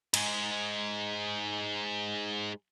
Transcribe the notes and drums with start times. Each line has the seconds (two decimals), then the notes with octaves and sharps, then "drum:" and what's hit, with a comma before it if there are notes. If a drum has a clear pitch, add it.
0.14 G#2 G#3, drum: cymbal